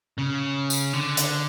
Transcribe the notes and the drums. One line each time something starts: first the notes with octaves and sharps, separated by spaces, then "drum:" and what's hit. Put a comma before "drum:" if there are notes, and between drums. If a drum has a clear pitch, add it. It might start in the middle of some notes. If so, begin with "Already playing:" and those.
C#3
drum: tambourine
D3
drum: hi-hat